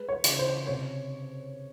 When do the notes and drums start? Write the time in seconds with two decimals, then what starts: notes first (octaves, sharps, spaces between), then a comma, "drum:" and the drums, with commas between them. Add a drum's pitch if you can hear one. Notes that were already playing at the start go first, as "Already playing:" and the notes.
Already playing: G#3 B4
0.09 C#5
0.24 C#3, drum: hi-hat
0.39 C5
0.67 C3 C#5